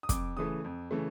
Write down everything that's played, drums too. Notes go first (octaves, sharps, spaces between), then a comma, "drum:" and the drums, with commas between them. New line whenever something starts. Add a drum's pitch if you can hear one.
D#6
F2 D6, drum: kick, hi-hat
C#3 E3 A3 D#6
F2
C#3 E3 A3